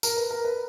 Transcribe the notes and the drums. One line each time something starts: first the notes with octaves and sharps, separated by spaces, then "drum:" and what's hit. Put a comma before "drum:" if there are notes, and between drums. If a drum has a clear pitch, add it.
A#4, drum: tambourine
B4
A#4
B4